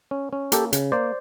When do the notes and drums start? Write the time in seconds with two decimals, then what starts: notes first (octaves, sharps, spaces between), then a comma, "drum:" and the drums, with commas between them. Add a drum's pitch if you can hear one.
0.11 C#4
0.33 C#4
0.52 A#3 G4 A4, drum: hi-hat
0.73 C#3, drum: hi-hat
0.92 A#3 C5 D5